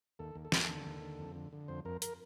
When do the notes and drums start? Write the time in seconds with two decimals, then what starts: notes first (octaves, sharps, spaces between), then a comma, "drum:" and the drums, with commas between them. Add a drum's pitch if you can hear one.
0.19 D#2 A4
0.35 D#2
0.45 A4
0.52 D#2, drum: snare
0.69 D3
0.86 D#2
1.02 D3
1.19 F2
1.36 D3
1.53 D3
1.68 F2 C5
1.85 F2 A#4
2.02 A#4, drum: hi-hat